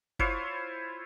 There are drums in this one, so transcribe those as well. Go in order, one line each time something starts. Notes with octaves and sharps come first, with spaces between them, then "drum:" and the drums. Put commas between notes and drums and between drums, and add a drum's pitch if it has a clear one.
E4 F4 C5 C#5, drum: kick F#1